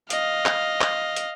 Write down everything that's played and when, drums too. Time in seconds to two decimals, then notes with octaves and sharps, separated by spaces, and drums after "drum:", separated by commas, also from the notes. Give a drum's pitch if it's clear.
0.10 D#5 F5, drum: hi-hat
0.46 drum: clap
0.81 drum: clap
1.16 drum: hi-hat